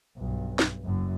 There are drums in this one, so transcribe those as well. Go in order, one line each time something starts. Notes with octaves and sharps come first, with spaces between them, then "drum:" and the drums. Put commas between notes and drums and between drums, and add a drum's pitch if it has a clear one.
B1 G2
drum: snare
F#1 F#2